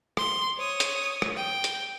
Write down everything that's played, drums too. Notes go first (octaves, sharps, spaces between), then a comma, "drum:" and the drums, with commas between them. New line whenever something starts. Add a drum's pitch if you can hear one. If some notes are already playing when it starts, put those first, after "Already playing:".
C6, drum: rim click
C#5 D#6
drum: hi-hat
drum: rim click
G5
drum: hi-hat